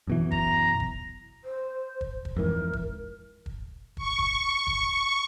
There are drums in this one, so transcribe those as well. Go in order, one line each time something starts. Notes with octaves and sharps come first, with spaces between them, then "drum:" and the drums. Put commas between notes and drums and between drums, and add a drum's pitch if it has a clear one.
F#2 B2 E3
A#5, drum: kick
drum: kick
C5
drum: kick
drum: kick
F2 G#2 E3 A#4
drum: kick
drum: kick
C#6, drum: kick
drum: kick
drum: kick